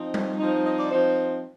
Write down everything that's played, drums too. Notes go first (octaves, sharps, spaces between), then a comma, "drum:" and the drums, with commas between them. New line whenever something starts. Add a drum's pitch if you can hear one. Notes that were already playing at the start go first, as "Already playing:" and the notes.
Already playing: F3 C4 D#4
drum: tom G3
F3 C4 D#4
D#5
D5
F3 C4 D#4 C5